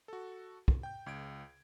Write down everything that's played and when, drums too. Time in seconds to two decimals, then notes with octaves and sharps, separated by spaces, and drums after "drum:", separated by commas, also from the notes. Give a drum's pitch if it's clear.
0.08 F#4 A4
0.68 drum: kick
0.83 G5 G6
1.06 C#2 G#6 D7